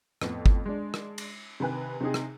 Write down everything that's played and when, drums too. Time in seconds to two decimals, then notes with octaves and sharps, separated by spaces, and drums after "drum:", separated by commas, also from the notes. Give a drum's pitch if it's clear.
0.22 F2 A2 B3, drum: rim click
0.46 drum: kick G1
0.65 G#3 D4
0.94 drum: rim click
1.18 drum: cymbal
1.60 C3 D#3 B4 G#5 F#6
2.01 C3 C4 D#4 G#4
2.14 drum: rim click